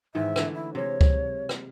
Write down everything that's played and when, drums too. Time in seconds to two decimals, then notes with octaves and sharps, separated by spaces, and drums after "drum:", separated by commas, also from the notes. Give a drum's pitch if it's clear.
0.15 G#2 D#3 E3 E5
0.36 D3 E3 A3, drum: rim click
0.54 E4
0.75 C3 G#3 C#5
1.01 drum: kick C#2
1.49 drum: rim click